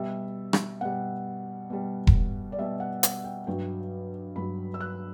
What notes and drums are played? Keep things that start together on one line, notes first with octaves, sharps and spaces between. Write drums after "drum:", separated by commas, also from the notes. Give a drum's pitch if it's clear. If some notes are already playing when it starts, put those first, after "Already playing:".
Already playing: B2 G3 E5
drum: rim click
B2 G3 F#5
B2 G3
drum: kick E1
D5
B2 G3 E5
F#5
F#5, drum: hi-hat
G5
G2 F#3 G5
G2 F#3 B5
E6
F#6